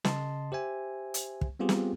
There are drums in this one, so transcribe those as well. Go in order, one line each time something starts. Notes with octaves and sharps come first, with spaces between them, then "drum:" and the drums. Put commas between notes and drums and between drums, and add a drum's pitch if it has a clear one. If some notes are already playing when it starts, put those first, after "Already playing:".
C#3 D#5 A5 C6, drum: snare
G4 C5 E5 G#5
drum: hi-hat
drum: kick
G3 B3 C4 F4 G4 G#4
drum: snare